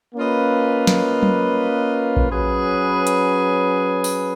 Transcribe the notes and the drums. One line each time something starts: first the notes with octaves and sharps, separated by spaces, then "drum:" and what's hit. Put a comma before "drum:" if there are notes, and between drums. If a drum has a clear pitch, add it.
A#3 C#4 F4 B4 D#5
drum: snare
drum: tom F#3
drum: kick A#1
F#3 C#4 G#4 B4
drum: hi-hat
drum: open hi-hat